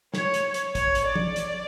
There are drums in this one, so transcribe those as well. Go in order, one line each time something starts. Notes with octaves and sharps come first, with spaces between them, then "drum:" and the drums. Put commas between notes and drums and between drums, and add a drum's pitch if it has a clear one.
C#5, drum: snare
drum: hi-hat
drum: hi-hat
C#5, drum: kick, hi-hat
drum: hi-hat
D5
drum: tom
drum: hi-hat